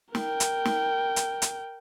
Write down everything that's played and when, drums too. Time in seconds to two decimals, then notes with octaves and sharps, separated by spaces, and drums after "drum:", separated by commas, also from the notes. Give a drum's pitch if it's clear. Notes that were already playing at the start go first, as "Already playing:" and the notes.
0.15 A#4 G5, drum: snare
0.40 drum: hi-hat
0.65 drum: snare
1.16 drum: hi-hat
1.42 drum: hi-hat